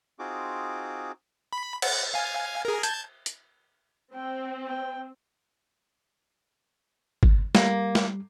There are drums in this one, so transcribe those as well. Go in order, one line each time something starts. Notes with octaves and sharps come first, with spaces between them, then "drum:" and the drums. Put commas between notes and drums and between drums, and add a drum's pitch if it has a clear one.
C4 D#4 F4 F#4 G#4 D6
B5
F#5, drum: cymbal
F5 G#5
G#4 A#4
A5 G6 G#6, drum: hi-hat
drum: hi-hat
C4 G5
G5
drum: kick
G3 A#3, drum: snare
drum: snare